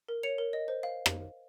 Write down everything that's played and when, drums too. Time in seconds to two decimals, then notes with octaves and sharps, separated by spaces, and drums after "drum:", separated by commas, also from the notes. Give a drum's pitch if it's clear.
0.08 A#4
0.23 C#5 C#7 F7
0.38 A#4
0.53 D#5
0.68 C5
0.83 F5
1.06 drum: rim click